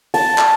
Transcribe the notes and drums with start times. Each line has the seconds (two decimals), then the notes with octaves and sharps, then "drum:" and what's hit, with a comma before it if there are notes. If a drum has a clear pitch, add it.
0.14 A5, drum: open hi-hat
0.38 drum: clap